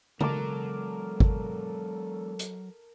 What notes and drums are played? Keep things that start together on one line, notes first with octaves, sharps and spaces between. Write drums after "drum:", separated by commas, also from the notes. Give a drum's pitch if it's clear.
E3 F#3 G#3 A4 A#4 A5 D6, drum: tom C#3
drum: kick
drum: hi-hat